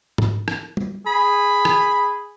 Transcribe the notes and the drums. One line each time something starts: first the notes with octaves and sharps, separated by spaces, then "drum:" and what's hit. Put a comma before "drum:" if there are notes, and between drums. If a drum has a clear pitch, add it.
drum: tom G#2
drum: rim click
drum: tom G3
G#4 B5
drum: rim click